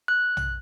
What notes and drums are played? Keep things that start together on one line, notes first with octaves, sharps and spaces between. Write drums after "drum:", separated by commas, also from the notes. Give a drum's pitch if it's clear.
F#6
drum: tom